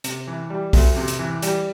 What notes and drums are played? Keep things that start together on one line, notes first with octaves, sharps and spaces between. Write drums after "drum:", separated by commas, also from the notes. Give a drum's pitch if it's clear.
C3, drum: hi-hat
E3
G3
D2, drum: kick B1, open hi-hat
C3
drum: hi-hat
E3
G3, drum: hi-hat